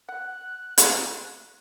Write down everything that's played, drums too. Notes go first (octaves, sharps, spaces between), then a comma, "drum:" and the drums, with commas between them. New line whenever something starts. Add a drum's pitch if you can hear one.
F#5 F#6
A3, drum: hi-hat